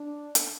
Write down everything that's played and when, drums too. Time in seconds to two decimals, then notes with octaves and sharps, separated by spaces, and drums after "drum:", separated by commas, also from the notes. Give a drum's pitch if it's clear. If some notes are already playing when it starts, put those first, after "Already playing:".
Already playing: D4
0.35 drum: hi-hat